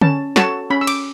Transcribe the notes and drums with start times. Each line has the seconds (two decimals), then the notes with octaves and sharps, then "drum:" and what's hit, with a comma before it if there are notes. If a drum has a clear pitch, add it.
0.01 C#4 A5, drum: tom D3
0.36 F#4 A4 C#5 A5, drum: snare
0.70 C#4 B5
0.81 E6
0.87 D6, drum: cymbal